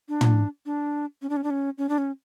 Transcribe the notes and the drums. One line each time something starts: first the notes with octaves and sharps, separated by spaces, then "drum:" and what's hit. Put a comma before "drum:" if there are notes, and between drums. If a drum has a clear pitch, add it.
D4
drum: tom
D4
C#4
D4
C#4
D4
C#4
C#4
D4
C#4